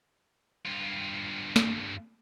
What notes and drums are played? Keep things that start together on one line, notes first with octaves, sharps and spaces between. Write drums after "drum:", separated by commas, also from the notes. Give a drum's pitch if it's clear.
G2 F4
drum: snare